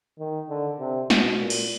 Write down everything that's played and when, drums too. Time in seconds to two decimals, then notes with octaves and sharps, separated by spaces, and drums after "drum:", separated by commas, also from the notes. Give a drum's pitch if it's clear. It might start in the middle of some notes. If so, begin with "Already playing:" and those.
0.19 D#3
0.49 D3
0.80 C3
1.10 B2, drum: snare
1.41 A#2
1.50 drum: cymbal